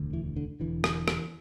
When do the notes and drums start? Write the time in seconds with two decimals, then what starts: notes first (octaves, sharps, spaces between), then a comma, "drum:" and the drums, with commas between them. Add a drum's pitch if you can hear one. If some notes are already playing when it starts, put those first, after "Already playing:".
Already playing: E1 D2 D3
0.13 E3
0.36 D3
0.60 E1 D2 D3 E3
0.84 drum: rim click
1.08 drum: rim click